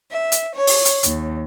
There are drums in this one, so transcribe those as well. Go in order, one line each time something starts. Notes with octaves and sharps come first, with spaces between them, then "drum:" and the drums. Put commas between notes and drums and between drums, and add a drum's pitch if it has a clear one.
E5
drum: hi-hat
C#5
drum: open hi-hat
drum: hi-hat
D#2, drum: hi-hat